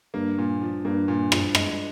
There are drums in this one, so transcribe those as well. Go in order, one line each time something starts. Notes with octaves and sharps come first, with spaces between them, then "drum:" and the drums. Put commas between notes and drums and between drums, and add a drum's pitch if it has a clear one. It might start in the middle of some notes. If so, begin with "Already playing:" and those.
G2 A#3
A#2
F3
G2 A#3
A#2
F3, drum: rim click
G#3, drum: rim click